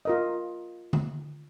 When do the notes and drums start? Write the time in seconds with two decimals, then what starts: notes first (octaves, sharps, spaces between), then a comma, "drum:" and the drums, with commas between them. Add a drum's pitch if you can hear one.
0.05 F4 A#4 D#5
0.93 drum: tom D3